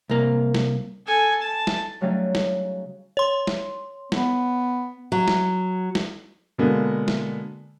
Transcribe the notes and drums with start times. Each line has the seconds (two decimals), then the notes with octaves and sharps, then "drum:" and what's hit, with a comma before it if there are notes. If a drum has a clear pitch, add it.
0.09 C2 A#3
0.55 drum: snare
1.07 A4 G#5
1.42 A5
1.67 drum: snare
2.01 C#3 F#3 G3 A3 C#4 D#4
2.35 drum: snare
3.17 C#5 C6
3.47 drum: snare
4.12 B3, drum: snare
5.12 F#3
5.28 drum: snare
5.95 drum: snare
6.58 B2 D3 G#3 A#3 B3
7.08 drum: snare